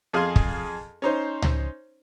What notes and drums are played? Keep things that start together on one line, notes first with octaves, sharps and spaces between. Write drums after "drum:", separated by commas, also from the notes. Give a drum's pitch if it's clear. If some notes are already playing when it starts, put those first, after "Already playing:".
F2 G#4 F5 G#5 C6
drum: kick
C#4 D#4 C5
drum: tom C#2